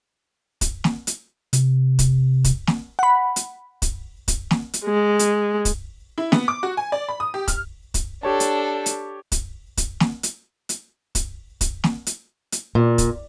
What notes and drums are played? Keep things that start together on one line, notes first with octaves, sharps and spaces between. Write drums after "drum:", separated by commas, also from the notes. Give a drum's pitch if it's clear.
drum: kick, hi-hat
drum: snare
drum: hi-hat
C3, drum: hi-hat
drum: kick, hi-hat
drum: kick, hi-hat
drum: snare
F#5 B5
drum: hi-hat
drum: kick, hi-hat
drum: kick, hi-hat
drum: snare
drum: hi-hat
G#3
drum: hi-hat
drum: kick, hi-hat
E4
B3, drum: snare
D6
F#4
G#5
D5
B5
D#6
G4
F6, drum: kick, hi-hat
drum: kick, hi-hat
D4 G4 A4 C#5 A5
drum: hi-hat
drum: hi-hat
drum: kick, hi-hat
drum: kick, hi-hat
drum: snare
drum: hi-hat
drum: hi-hat
drum: kick, hi-hat
drum: kick, hi-hat
drum: snare
drum: hi-hat
drum: hi-hat
A#2
drum: kick, hi-hat